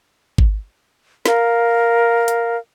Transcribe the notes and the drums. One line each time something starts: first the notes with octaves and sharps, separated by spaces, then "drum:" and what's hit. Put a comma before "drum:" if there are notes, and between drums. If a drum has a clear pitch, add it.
drum: kick G#1
A#4 F5, drum: snare
drum: hi-hat